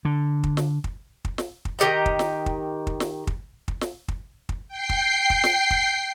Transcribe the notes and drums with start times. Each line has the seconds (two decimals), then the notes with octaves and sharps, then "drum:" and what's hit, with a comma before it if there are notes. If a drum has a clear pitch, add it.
0.05 D3
0.44 drum: kick
0.57 drum: snare
0.84 drum: kick
1.25 drum: kick
1.38 drum: snare
1.65 drum: kick
1.79 D#3 G4 D#5 A#5
2.06 drum: kick
2.19 drum: snare
2.46 drum: kick
2.87 drum: kick
3.00 drum: snare
3.27 drum: kick
3.68 drum: kick
3.81 drum: snare
4.08 drum: kick
4.49 drum: kick
4.68 G5 C7
4.89 drum: kick
5.30 drum: kick
5.44 drum: snare
5.71 drum: kick